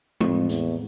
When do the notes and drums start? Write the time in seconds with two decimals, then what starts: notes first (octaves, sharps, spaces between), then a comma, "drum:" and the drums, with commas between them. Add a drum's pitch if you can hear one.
0.21 F2 A2 E3 A3 C4, drum: tom G#3
0.49 E2, drum: hi-hat